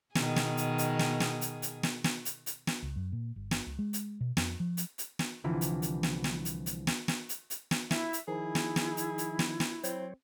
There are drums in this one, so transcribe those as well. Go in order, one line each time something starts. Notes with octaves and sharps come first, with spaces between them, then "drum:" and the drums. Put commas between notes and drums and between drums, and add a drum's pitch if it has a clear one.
B2 D#3 G#4, drum: snare
drum: snare
drum: hi-hat
drum: hi-hat
drum: snare
drum: snare
drum: hi-hat
drum: hi-hat
drum: snare
drum: snare
drum: hi-hat
drum: hi-hat
drum: snare
C#2
F#2
A#2
G1
drum: snare
C#2
G#3
drum: hi-hat
B2
F2, drum: snare
F3
drum: hi-hat
drum: hi-hat
drum: snare
C2 D3 E3 F3
drum: hi-hat
drum: hi-hat
drum: snare
drum: snare
drum: hi-hat
drum: hi-hat
drum: snare
drum: snare
drum: hi-hat
drum: hi-hat
drum: snare
E4 E5, drum: snare
drum: hi-hat
D#3 F3 D#4 E4 G#4
drum: snare
drum: snare
drum: hi-hat
drum: hi-hat
drum: snare
drum: snare
F#3 C4 C5 C#5, drum: hi-hat